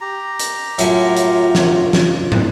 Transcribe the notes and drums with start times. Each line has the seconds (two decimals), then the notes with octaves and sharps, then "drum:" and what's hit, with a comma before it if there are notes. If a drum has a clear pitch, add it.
0.01 G4 A#5
0.39 drum: hi-hat
0.78 F#2 A2 F4 G#5, drum: hi-hat
1.16 drum: hi-hat
1.55 drum: snare
1.93 drum: snare
2.32 drum: tom